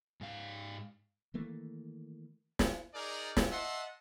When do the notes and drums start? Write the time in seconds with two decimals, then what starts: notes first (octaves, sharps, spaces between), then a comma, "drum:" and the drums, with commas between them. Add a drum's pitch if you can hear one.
0.21 G#2 F5
1.34 D#3 E3 A3 A#3
2.59 drum: snare
2.94 D#4 G#4 A#4 D5
3.37 drum: snare
3.51 D#5 E5 F#5 A5 C6